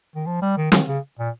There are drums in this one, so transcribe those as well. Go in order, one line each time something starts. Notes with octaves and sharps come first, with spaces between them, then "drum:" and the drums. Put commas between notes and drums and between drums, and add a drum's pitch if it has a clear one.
D#3
F3
G3
D#3
D#3, drum: snare
C#3
A#2